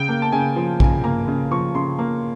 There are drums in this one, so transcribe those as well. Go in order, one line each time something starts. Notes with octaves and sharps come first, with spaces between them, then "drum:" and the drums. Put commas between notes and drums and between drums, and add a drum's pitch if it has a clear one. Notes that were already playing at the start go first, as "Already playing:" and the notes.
Already playing: C#3 G5
A#3
A5
C#3 G#5
F3
C#3 G#5, drum: kick A#1
A#3 A#5
C#3
F3 C#6
C#3 C6
A#3